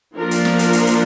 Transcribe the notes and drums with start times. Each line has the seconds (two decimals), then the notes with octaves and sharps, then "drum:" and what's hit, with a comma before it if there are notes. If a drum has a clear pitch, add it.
0.17 F3 A#3 D4 A#4
0.31 drum: hi-hat
0.45 drum: snare
0.59 drum: hi-hat
0.73 drum: hi-hat
0.87 drum: hi-hat